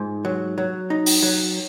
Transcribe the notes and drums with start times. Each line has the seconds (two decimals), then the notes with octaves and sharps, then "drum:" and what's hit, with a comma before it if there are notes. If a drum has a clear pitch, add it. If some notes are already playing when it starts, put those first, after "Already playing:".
Already playing: G#2 F4
0.25 F#3
0.58 F#3
0.90 D#4
1.06 drum: open hi-hat
1.22 F#3